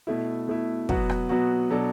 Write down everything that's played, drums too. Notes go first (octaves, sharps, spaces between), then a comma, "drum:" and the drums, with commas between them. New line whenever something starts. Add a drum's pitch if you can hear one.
B2 A3 E4
B2 A3 E4
B2 F#3 B3 F#4, drum: kick
drum: rim click
B2 F#3 B3 F#4
B2 F#3 D4 A4